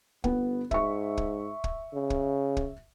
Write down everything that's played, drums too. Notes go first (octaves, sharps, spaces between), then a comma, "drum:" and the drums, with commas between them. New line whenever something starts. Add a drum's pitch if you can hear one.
G1 B3, drum: kick
G#2 E5 C#6, drum: kick
drum: kick
drum: kick
C#3
drum: kick
drum: kick